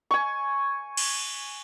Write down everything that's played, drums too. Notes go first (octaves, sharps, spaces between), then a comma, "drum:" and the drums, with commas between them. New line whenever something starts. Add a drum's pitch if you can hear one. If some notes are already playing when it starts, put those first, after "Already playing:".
G#5 C#6
drum: cymbal